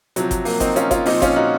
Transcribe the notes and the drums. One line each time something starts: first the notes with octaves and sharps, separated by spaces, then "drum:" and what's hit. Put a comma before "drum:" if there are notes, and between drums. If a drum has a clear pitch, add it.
C3 F3 F#3, drum: hi-hat
drum: kick G1, hi-hat
F#3 A#3, drum: open hi-hat
C4 D#4, drum: kick G1, hi-hat
C#4 F4, drum: hi-hat
C#4 F4, drum: kick G1, hi-hat
A#2 F3 C4 D#4, drum: open hi-hat
C#4 F4, drum: kick G1, hi-hat
D#4 F#4